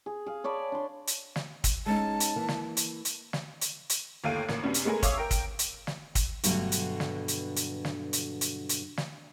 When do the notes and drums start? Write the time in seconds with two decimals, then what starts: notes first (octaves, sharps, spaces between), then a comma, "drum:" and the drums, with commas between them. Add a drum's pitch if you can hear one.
0.06 G#4
0.26 G#4 F5
0.44 C#5 D5 A5 B5
0.72 D4 C6
1.07 drum: hi-hat
1.36 drum: snare
1.64 drum: kick, hi-hat
1.86 G#3 C#4 D#4 A5
2.20 drum: hi-hat
2.36 E3 A#3
2.48 drum: snare
2.77 drum: hi-hat
3.05 drum: hi-hat
3.33 drum: snare
3.61 drum: hi-hat
3.90 drum: hi-hat
4.24 G1 D#2 A3 F5 G5 D#7
4.48 A1 A#3, drum: snare
4.62 F#2 C3 B3 C#4 D4
4.74 drum: hi-hat
4.85 G#3 A3 B3 A#4 G#5
5.03 C#5 E5 F5 D6 D#6, drum: kick, hi-hat
5.18 A#4 G5
5.31 drum: kick, hi-hat
5.59 drum: hi-hat
5.87 drum: snare
6.15 drum: kick, hi-hat
6.43 G2 B2 D3 F#3 A3, drum: hi-hat
6.72 drum: hi-hat
7.00 drum: snare
7.28 drum: hi-hat
7.56 drum: hi-hat
7.85 drum: snare
8.13 drum: hi-hat
8.41 drum: hi-hat
8.69 drum: hi-hat
8.97 drum: snare